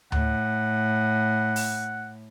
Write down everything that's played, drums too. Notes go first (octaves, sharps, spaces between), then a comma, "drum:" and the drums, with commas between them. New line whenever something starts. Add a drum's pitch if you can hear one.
A2 F#5, drum: tom D2
drum: open hi-hat